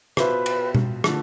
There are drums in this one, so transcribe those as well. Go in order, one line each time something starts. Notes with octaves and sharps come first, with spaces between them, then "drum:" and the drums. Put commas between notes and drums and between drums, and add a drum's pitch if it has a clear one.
B2 B3 F4 B4 C5 E5, drum: rim click
drum: cymbal
drum: tom B2
D3 F3 A3, drum: rim click